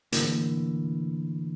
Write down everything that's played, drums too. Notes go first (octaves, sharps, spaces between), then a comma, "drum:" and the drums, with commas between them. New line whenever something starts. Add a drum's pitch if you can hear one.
A2 D3 E3 A#3, drum: hi-hat